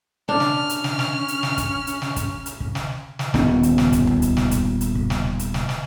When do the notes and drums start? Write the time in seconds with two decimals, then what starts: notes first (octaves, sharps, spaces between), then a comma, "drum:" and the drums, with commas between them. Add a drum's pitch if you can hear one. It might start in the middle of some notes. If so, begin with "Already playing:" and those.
0.29 C#4 D4 F6
0.40 drum: snare
0.69 drum: hi-hat
0.84 drum: snare
0.99 drum: snare
1.28 drum: hi-hat
1.43 drum: snare
1.58 drum: kick, hi-hat
1.87 drum: hi-hat
2.02 drum: snare
2.16 drum: kick, hi-hat
2.46 drum: hi-hat
2.60 drum: kick
2.75 drum: snare
3.19 drum: snare
3.34 D#1 D#2 B3 C#4, drum: snare
3.63 drum: hi-hat
3.78 drum: snare
3.93 drum: kick, hi-hat
4.07 drum: tom C#2
4.22 drum: hi-hat
4.37 drum: snare
4.51 drum: kick, hi-hat
4.81 drum: hi-hat
4.95 drum: kick
5.10 drum: snare
5.39 drum: hi-hat
5.54 drum: snare
5.69 drum: snare